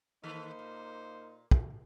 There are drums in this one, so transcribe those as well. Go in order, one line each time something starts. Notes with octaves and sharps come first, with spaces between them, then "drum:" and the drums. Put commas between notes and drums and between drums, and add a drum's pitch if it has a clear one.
D#3 A#3 D#4 A4 B4 C5
A#2
drum: kick